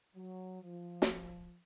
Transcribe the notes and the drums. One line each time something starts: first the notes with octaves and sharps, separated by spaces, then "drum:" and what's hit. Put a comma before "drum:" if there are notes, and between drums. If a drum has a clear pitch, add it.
F#3
F3
drum: snare